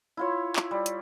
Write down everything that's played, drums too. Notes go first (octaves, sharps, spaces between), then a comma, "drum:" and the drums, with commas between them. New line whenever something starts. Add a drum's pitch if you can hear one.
E4 F4 C#5
drum: clap
G3
drum: hi-hat